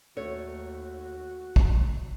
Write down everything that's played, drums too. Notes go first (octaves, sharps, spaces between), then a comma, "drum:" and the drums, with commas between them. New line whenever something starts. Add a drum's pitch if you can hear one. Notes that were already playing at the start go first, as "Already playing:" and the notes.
D#2 A3 F#4 C#5
drum: kick